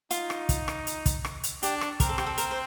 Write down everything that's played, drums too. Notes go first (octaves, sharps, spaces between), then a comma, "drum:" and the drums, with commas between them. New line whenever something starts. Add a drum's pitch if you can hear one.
D#4 F4, drum: hi-hat
drum: rim click
drum: kick, hi-hat
drum: rim click
drum: hi-hat
drum: kick, hi-hat
drum: rim click
drum: hi-hat
D4 G4, drum: hi-hat
drum: rim click
C4 A#4, drum: kick, hi-hat
A4
G4, drum: rim click
A4
A#4, drum: hi-hat
C5